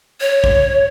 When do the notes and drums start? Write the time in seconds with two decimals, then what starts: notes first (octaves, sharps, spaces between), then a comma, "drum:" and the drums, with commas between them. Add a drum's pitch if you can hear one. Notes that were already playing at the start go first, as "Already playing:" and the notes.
0.21 C#5
0.44 drum: kick